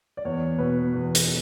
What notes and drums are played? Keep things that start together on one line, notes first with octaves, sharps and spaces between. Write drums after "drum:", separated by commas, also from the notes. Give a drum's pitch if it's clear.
D5
E2 C#5
B2 B4
E2
drum: hi-hat